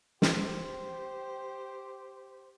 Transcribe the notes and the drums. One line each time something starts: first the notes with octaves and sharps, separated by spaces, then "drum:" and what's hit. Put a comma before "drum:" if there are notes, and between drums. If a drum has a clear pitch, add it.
G4 C5, drum: snare